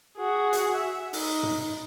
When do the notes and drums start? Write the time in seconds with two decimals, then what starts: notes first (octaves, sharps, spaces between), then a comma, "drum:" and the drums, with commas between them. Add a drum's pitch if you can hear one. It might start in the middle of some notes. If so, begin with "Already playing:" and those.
0.18 F#4 G#4
0.53 drum: hi-hat
0.75 E5
1.13 D#4, drum: open hi-hat
1.43 drum: tom